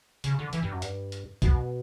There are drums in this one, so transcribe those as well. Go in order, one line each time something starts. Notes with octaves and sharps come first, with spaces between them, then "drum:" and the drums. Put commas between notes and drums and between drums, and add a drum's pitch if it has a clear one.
C#3, drum: hi-hat
D3
E3, drum: hi-hat
G2
F#2
G2, drum: hi-hat
drum: hi-hat
B2, drum: kick, hi-hat